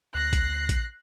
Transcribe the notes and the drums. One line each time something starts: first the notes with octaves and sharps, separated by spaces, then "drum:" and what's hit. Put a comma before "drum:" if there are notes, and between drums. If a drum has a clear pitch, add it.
D2 F#6 A#6 C7
drum: kick A#1, hi-hat
drum: kick A#1, hi-hat